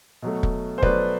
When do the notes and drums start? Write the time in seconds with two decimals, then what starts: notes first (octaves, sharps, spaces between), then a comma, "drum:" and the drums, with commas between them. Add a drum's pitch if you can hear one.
0.22 B2 F#3 A3
0.43 drum: kick
0.78 C5
0.82 B2 F#3 A3 B4 D5, drum: kick